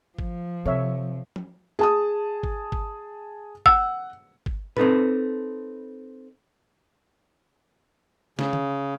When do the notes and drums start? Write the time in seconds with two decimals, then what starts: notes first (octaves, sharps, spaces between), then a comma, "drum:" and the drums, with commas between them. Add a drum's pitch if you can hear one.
0.19 F3, drum: kick
0.66 C3 A4 C#5 E5
1.36 drum: tom F3
1.79 G#4 A5 D#6
2.43 drum: kick
2.72 drum: kick
3.66 F#5 E6, drum: kick
4.46 drum: kick
4.77 C4 D#4 A4 B4, drum: tom A2
8.39 C#3, drum: snare
8.53 drum: tom